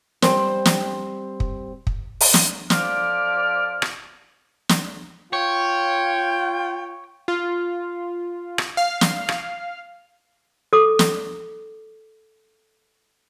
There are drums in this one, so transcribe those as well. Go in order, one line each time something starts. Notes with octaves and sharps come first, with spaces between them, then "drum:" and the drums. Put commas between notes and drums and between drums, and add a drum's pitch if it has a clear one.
G3 C4 C5, drum: snare
drum: snare
drum: kick
drum: kick
drum: open hi-hat
drum: snare
F2 F3 D5 D6 F6, drum: snare
drum: rim click
drum: snare
F4 C#5 G5
F4
drum: rim click
F5
drum: snare
drum: rim click
A4 D6
drum: snare